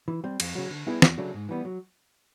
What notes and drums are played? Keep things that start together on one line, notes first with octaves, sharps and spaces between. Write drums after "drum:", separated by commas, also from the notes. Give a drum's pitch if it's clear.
E3
G3 C4
F2, drum: cymbal
C#3 F#3
D3
G3 B3 E4 G#4
E2, drum: snare
C#3 F#3 A3 D4
G#2
E3 G3 B3
F#3